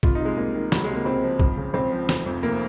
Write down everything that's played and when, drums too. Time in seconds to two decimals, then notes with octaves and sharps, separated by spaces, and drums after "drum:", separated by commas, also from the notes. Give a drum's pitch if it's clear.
0.03 C2 F4, drum: kick
0.15 D#4
0.20 C3 G#3
0.37 C2 A#3
0.55 D#3
0.72 C#2 F#3, drum: snare
0.84 C3 G#3
0.95 A#3
1.05 C#2 C4
1.23 F3
1.40 C#2, drum: kick
1.57 C#3
1.74 C#2 C4
1.92 F3
2.09 F1, drum: snare
2.26 F2
2.43 F1 A#3